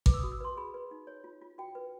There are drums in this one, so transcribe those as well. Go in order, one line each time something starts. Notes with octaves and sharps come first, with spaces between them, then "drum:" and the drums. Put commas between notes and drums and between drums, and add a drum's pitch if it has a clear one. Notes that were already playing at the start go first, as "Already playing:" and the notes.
B4 D6, drum: kick G#1
E6
F#4 D#6
E6
B4 C6
G#4 B5
B4
D#4
C#5
F4
F4
F#4 G5
B4